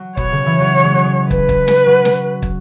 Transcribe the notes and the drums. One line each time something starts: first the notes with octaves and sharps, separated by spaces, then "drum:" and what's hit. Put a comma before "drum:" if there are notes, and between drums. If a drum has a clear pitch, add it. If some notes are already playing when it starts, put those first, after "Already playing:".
Already playing: F#3
B2 C#5, drum: kick
C#3
E3
F#3
G#3
F#3
G#3
B4, drum: kick
drum: kick
drum: snare
F#3
drum: snare
drum: kick